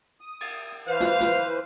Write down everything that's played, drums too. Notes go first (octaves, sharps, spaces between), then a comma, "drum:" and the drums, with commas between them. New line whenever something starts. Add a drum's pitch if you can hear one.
D#6
drum: cymbal
E3 B4 C5 F5
drum: snare
drum: snare